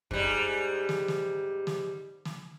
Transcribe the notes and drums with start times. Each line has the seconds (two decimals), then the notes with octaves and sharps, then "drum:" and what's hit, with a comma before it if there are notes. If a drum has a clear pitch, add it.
0.11 G#2 G3, drum: kick F2
0.89 drum: snare
1.08 drum: snare
1.67 drum: snare
2.25 drum: snare